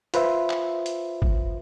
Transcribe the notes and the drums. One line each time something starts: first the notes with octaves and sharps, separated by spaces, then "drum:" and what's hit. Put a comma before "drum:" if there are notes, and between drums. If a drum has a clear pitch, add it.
F4 B4 C5 E5, drum: hi-hat
drum: clap
drum: hi-hat
drum: kick G#1